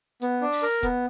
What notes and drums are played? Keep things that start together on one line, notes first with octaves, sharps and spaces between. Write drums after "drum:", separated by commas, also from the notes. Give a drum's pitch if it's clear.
B3, drum: hi-hat
D4
drum: open hi-hat
A#4
B3, drum: kick, hi-hat